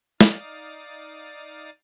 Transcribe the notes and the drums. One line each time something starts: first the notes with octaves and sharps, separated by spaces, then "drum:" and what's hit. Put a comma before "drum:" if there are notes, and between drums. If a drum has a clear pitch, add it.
D#4 D5 F5 D#6 F6 A6, drum: snare